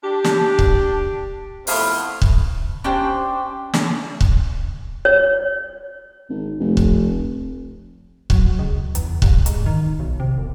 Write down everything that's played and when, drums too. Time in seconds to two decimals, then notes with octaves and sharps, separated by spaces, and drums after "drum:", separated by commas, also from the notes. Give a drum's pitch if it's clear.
0.04 D4 G4
0.25 drum: snare
0.59 drum: kick C#1
1.67 F2 A3 B3 E4 F5, drum: open hi-hat
2.22 drum: kick C#1
2.84 C#4 D4 G4 C5
3.74 drum: snare
4.21 drum: kick C#1
5.05 C#5
6.29 G#1
6.59 F1
6.77 drum: kick C#1
8.30 F#3, drum: kick C#1
8.59 C#2
8.95 E2, drum: hi-hat
9.22 C2, drum: kick C#1
9.46 G#2, drum: hi-hat
9.66 D#3
10.00 B1
10.20 C3
10.38 E1